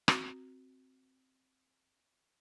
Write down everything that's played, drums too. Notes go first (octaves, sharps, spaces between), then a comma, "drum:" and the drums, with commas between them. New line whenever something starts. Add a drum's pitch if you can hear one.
C4 F#4, drum: rim click